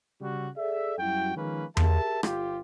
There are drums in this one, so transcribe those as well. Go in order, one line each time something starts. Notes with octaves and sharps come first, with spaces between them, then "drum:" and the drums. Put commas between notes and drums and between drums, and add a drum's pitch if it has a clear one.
C#3 G3 F#4
G#4 A4 D5 E5
F#2 G3 E4 F#4 G5
D#3 F3 G#3 A#3 C#4 B4
G4 G#4 A#4 E5 A5, drum: tom E2
G1 F4 G4, drum: rim click